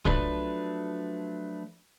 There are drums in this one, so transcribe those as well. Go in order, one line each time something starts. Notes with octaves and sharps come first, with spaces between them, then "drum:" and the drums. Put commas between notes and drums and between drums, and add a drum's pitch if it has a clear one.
F3 F#3 A3 D4 B4, drum: kick C2